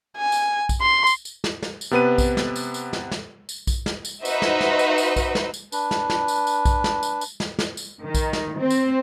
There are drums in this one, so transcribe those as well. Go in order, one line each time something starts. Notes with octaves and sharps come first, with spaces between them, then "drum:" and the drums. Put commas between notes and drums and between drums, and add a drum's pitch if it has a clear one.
G#5
drum: tambourine
drum: kick A#1, tambourine
C6
drum: tambourine
drum: tambourine
drum: snare
drum: snare
drum: tambourine
C3 B3 B4 D#7
drum: kick A#1, tambourine
drum: snare
drum: tambourine
drum: tambourine
drum: snare
drum: snare
drum: tambourine
drum: kick A#1, tambourine
drum: snare
drum: tambourine
D#4 F#4 B4 C5 D#5 E5, drum: tambourine
drum: snare
drum: snare
drum: tambourine
drum: tambourine
drum: kick A#1, tambourine
drum: snare
drum: tambourine
D4 B4, drum: tambourine
drum: snare
drum: snare
drum: tambourine
drum: tambourine
drum: kick A#1, tambourine
drum: snare
drum: tambourine
drum: tambourine
drum: snare
drum: snare
drum: tambourine
D#3
drum: kick A#1, tambourine
drum: snare
C4
drum: tambourine